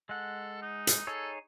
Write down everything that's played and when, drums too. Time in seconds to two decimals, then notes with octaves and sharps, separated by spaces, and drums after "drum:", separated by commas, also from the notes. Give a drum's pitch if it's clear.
0.09 G#3 A4 F#5
0.62 D#4
0.87 drum: hi-hat
1.07 D#4 G#4 A4 C#5